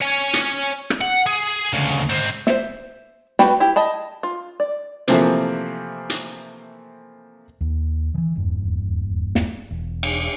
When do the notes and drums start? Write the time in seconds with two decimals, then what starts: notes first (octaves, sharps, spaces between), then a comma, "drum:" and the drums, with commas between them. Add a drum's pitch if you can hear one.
0.01 C#5 G#5
0.33 drum: hi-hat
0.90 drum: rim click
1.01 F#5
1.26 G#4
1.73 D2 C#3
2.10 G#2 C4
2.47 C5 E5, drum: snare
3.39 G3 F#4 B4 G5 B5, drum: snare
3.60 E4 G4
3.76 D#5 A5 B5
4.23 F4
4.60 D5
5.08 C3 E3 F3 A3 A#3 C4, drum: hi-hat
6.10 drum: hi-hat
7.61 D#2
8.14 D#3 E3
8.36 D#1 E2 G2
9.35 drum: snare
9.70 E1
10.03 drum: cymbal